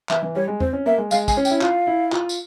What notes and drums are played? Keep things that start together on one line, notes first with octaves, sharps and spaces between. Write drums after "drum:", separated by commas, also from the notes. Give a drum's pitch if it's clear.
E3 E5, drum: clap
E3
G3 C#5
G#3
C4 C5, drum: tom E2
C#4
A#3 E5
G#3
G#3 F5, drum: tambourine
G#5, drum: kick, tambourine
C#4
G5, drum: tambourine
E4
F4 F5, drum: clap
E4
F4, drum: clap
drum: tambourine